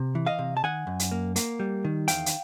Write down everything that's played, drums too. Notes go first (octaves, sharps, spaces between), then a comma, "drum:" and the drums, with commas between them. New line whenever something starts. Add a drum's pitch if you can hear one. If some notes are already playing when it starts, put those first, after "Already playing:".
Already playing: C3
E3
D#5 F5
C3
A5
D#3 F#5 G#5
F#2
drum: hi-hat
A#3
A#3, drum: hi-hat
G3
D#3
E2 F5 G5, drum: hi-hat
drum: hi-hat